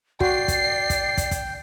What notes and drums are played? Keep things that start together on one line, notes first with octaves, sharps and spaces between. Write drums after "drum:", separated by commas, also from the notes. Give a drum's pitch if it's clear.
F#4 D5 G5 C7, drum: kick
drum: kick, hi-hat
drum: kick, hi-hat
drum: kick, hi-hat
drum: kick, hi-hat